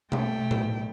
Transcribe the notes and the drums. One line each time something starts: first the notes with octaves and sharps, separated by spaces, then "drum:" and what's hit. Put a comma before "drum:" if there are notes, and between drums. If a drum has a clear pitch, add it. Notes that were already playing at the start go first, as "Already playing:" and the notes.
A3 G5, drum: tom B2
drum: tom A2